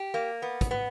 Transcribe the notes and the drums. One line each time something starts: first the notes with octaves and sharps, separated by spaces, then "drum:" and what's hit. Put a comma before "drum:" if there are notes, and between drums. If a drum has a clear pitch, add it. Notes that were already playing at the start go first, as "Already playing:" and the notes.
Already playing: G4
A#3
B3
drum: kick, hi-hat
B3